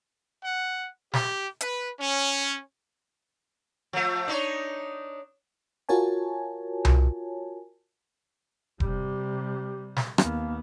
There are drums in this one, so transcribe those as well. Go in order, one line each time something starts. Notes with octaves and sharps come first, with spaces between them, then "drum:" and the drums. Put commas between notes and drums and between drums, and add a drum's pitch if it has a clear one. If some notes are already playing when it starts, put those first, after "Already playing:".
F#5
G4, drum: snare
B4, drum: hi-hat
C#4
F3 A3
D4 D#4 C#5
F4 F#4 A#4 C#5 G#5 A5
drum: tom C2
C3 G3 G4, drum: kick E1
drum: snare
D#2 A#3 B3, drum: rim click